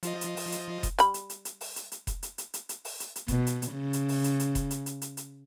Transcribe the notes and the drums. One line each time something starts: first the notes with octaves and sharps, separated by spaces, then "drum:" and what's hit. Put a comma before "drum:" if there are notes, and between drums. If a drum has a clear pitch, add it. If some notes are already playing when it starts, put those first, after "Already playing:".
F3 F4 D#5, drum: hi-hat
drum: hi-hat
drum: open hi-hat
drum: hi-hat
drum: kick F1, hi-hat
G3 B5, drum: hi-hat
drum: hi-hat
drum: hi-hat
drum: hi-hat
drum: open hi-hat
drum: hi-hat
drum: hi-hat
drum: kick F1, hi-hat
drum: hi-hat
drum: hi-hat
drum: hi-hat
drum: hi-hat
drum: open hi-hat
drum: hi-hat
drum: hi-hat
B2, drum: kick F1, hi-hat
drum: hi-hat
drum: hi-hat
C#3
drum: hi-hat
drum: open hi-hat
drum: hi-hat
drum: hi-hat
drum: kick F1, hi-hat
drum: hi-hat
drum: hi-hat
drum: hi-hat
drum: hi-hat